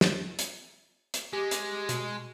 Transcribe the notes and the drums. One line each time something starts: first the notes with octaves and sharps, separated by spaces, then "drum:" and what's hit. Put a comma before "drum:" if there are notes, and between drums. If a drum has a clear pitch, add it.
drum: snare
drum: hi-hat
drum: hi-hat
G#3 G4
drum: hi-hat
B2, drum: hi-hat